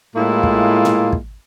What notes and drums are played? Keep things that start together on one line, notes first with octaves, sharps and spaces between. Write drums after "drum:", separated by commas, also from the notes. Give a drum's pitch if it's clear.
A2 G#3 A#3 E4 F4
drum: kick
drum: tom A2
drum: kick